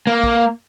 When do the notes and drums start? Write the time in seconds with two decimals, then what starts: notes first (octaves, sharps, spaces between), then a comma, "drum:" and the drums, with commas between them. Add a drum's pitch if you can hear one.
0.07 A#3
0.24 drum: kick